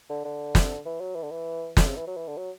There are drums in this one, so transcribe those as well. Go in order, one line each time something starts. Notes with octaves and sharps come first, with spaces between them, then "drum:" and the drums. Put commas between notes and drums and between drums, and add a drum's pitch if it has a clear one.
D3
D3
drum: snare
E3
F#3
E3
D3
E3
D3, drum: snare
C#3
E3
F#3
E3
D3
F#3